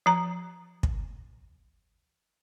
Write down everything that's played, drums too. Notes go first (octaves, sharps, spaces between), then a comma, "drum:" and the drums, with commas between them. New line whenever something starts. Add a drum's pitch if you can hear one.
F3 A#5
drum: kick